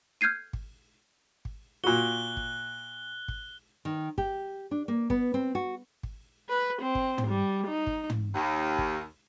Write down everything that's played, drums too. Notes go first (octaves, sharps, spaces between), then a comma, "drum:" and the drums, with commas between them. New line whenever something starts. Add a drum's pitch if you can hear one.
F6 G6 G#6 C7 D#7
drum: kick G#1
drum: kick G#1
A#2 F#4 F#6 G7
drum: kick G#1
drum: kick G#1
D#3
G4, drum: kick G#1
D4
A#3
B3, drum: kick G#1
C4
F#4
drum: kick G#1
B4
C4
drum: kick G#1
drum: tom
G3
D#4
drum: kick G#1
drum: tom
D#2
drum: kick G#1